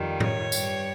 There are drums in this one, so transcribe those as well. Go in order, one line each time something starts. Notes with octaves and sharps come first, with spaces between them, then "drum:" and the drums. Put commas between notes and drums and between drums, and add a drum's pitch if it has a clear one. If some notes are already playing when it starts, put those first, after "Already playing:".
Already playing: F2 D#3 G3
C#5, drum: tom A2
G2 G3, drum: tambourine